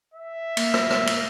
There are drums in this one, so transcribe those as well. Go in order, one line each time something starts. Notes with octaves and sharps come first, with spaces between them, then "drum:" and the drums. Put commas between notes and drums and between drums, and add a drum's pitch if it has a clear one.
E5
A#3, drum: cymbal
drum: rim click
drum: rim click
drum: cymbal